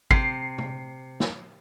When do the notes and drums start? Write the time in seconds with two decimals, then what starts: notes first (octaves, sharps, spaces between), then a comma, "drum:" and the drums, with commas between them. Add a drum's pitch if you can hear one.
0.11 C3 C7, drum: kick G#1
0.58 drum: tom
1.20 drum: snare